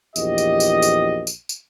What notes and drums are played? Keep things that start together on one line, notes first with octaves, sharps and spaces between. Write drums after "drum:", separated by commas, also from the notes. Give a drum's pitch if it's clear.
A#1 E2 G4 D#5, drum: tambourine
drum: tambourine
drum: tambourine
drum: tambourine
drum: tambourine
drum: tambourine